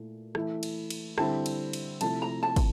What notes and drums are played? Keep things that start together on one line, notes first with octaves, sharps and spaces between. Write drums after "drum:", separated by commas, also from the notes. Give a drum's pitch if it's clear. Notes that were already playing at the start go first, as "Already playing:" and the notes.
Already playing: A#2 A3 E4
E3 A3 E4, drum: rim click
drum: cymbal
drum: cymbal
D3 G3 C4 E4 A5, drum: rim click
drum: cymbal
drum: cymbal
C3 F3 A3 E4 A5, drum: cymbal
A#5
A5
drum: kick, cymbal